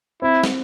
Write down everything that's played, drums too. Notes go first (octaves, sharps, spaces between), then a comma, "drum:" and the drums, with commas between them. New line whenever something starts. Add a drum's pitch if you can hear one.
C4 E4
drum: snare